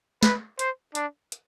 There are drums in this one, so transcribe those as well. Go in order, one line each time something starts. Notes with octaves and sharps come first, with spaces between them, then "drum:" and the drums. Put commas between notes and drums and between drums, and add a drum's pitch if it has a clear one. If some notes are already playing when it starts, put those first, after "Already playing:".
B4, drum: snare
C5, drum: hi-hat
D4, drum: hi-hat
drum: hi-hat